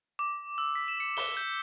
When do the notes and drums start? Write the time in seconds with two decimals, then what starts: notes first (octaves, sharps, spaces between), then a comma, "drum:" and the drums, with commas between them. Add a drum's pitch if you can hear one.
0.19 D6
0.58 E6
0.75 B6
0.88 E7
1.00 C#7
1.17 G7, drum: open hi-hat
1.37 G6